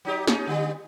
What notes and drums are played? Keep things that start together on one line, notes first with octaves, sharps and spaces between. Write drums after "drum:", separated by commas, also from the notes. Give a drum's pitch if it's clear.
F#3 D#4 G4
G#3 C#4 D#4, drum: snare
D3 G3